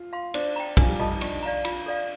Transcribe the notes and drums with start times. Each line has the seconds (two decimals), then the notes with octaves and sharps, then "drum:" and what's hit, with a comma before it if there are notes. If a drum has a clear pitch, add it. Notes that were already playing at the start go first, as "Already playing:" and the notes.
Already playing: F4
0.13 F5 C6
0.34 D4 C5 D5, drum: cymbal
0.56 G5 A#5
0.77 F3 D4 F4, drum: kick, cymbal
0.88 G3 G4
0.99 F4 A4 D#5 A5
1.11 D#4
1.21 D4 G4, drum: cymbal
1.43 D5 F5 A#5
1.65 F4, drum: cymbal
1.86 A4 D5 F5